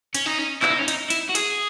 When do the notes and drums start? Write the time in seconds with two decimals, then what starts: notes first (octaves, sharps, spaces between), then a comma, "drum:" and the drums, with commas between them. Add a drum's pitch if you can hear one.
0.15 C#4, drum: hi-hat
0.26 D#4
0.38 C#4
0.62 E4, drum: clap
0.70 D#4
0.79 C#4
0.88 D#4, drum: hi-hat
1.10 E4, drum: hi-hat
1.29 F#4
1.35 G#4, drum: hi-hat